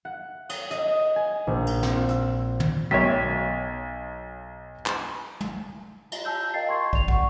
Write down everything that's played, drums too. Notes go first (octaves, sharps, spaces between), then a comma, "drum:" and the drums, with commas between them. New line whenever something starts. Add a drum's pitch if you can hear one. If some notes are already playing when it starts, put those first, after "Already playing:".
F#5
D#6, drum: cymbal
D#5, drum: hi-hat
G#5
A#1
drum: cymbal
C4, drum: snare
F4
E6, drum: hi-hat
drum: tom
B1 C#5 E5 G5 B6
drum: clap
drum: tom
D#5, drum: cymbal
G#5 A5 E6 G6
A#4 D#5 F5 G5 A6 C7
C6 C#6 G#6 C7
D5 F7, drum: kick
F#5 C#6, drum: kick